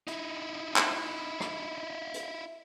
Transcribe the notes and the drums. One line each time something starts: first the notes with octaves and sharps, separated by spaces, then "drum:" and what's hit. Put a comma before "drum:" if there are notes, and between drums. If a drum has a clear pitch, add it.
D#4 E4, drum: hi-hat
drum: clap
drum: rim click
drum: hi-hat